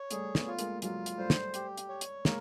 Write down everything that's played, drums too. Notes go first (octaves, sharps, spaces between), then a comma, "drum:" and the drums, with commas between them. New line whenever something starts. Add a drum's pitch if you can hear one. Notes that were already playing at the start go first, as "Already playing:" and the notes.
Already playing: C#5
G3 A3 G#4, drum: hi-hat
A3 B3, drum: snare
F4
G#3 A#3, drum: hi-hat
F#3 G#3 F4, drum: hi-hat
drum: hi-hat
G3 A3 C5
drum: snare
G4, drum: hi-hat
drum: hi-hat
C#5
drum: hi-hat
G#3 A#3 A#4, drum: snare